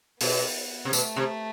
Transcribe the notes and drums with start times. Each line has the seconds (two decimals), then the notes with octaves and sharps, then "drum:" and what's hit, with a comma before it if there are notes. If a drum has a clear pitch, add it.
0.20 B2 B3, drum: open hi-hat
0.85 C3
0.93 B2 A3, drum: tambourine
1.16 C3